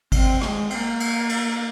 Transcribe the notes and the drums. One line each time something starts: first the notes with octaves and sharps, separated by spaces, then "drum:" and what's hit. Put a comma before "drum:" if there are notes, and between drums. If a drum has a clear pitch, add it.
C4, drum: kick G#1, cymbal
A#3, drum: rim click
G#3
C4, drum: cymbal
A#3
drum: cymbal
drum: cymbal